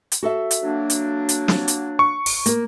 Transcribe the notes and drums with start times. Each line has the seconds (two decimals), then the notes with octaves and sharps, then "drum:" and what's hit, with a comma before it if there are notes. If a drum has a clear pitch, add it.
0.12 drum: hi-hat
0.23 F#4 A4 E5
0.51 drum: hi-hat
0.63 F#3 A#3 D4
0.90 drum: hi-hat
1.29 drum: hi-hat
1.48 drum: snare
1.68 drum: hi-hat
1.99 C#6
2.26 drum: open hi-hat
2.46 A#3 A#4, drum: hi-hat